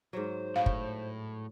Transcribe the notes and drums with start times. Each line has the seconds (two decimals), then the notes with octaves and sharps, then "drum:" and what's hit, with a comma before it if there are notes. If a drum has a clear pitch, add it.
0.13 G#2 F#3 C5
0.56 A2 F5
0.66 drum: kick